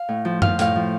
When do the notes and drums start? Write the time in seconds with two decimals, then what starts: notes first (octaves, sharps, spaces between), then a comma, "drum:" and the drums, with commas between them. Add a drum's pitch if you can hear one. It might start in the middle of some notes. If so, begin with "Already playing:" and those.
Already playing: F5
0.09 A2
0.25 F3
0.42 F3 F5, drum: tom F#2
0.59 A2 F5, drum: hi-hat
0.76 F3